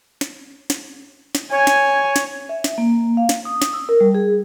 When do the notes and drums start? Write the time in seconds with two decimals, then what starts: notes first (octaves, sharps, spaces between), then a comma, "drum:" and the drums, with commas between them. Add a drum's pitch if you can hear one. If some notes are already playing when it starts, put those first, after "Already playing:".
0.21 drum: snare
0.70 drum: snare
1.35 drum: snare
1.51 C#5 G#5
1.67 drum: snare
2.16 drum: snare
2.49 E5
2.64 drum: snare
2.78 A#3
3.17 F5
3.29 drum: snare
3.45 D#6
3.62 drum: snare
3.73 E6
3.89 A#4
4.00 G3
4.14 G#4